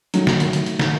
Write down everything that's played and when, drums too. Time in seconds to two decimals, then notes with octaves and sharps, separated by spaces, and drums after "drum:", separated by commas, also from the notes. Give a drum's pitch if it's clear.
0.14 D#3 F#3 A3, drum: hi-hat
0.27 drum: snare
0.40 drum: hi-hat
0.53 drum: hi-hat
0.66 drum: hi-hat
0.79 drum: snare